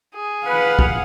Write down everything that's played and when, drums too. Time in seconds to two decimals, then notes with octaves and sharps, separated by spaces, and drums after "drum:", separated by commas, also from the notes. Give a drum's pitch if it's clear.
0.14 G#4
0.47 B4 F5 F#5
0.79 drum: kick